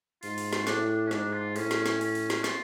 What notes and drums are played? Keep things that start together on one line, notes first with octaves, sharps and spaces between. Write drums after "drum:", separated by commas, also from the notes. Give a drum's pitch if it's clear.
G#2 F4, drum: open hi-hat
drum: open hi-hat
drum: snare
A2 D4, drum: snare
D4
C#4
G#2 D4, drum: snare
F4
A2 C#4, drum: open hi-hat
drum: snare
drum: snare
C#4, drum: open hi-hat
drum: open hi-hat
drum: snare
F4, drum: snare